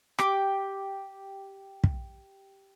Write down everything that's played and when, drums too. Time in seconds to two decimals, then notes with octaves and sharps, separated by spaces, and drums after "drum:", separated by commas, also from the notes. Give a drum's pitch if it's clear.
0.19 G4 D6, drum: rim click
1.84 drum: kick